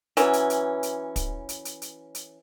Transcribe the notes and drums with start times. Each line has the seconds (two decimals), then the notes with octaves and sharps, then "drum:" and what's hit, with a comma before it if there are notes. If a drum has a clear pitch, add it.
0.17 E3 F#3 C#4, drum: hi-hat
0.33 drum: hi-hat
0.50 drum: hi-hat
0.83 drum: hi-hat
1.16 drum: kick, hi-hat
1.49 drum: hi-hat
1.65 drum: hi-hat
1.82 drum: hi-hat
2.15 drum: hi-hat